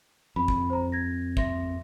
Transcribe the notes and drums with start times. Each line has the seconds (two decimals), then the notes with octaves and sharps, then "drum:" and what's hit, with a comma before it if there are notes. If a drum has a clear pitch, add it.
0.36 F2 B5
0.48 drum: kick
0.70 C5 A#5
0.92 G#6 A#6
1.37 E5 C6 A#6, drum: kick